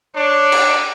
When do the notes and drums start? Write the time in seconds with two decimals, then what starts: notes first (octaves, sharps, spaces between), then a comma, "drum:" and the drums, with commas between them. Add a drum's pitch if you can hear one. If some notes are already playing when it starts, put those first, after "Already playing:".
0.16 D4 C#5
0.52 drum: cymbal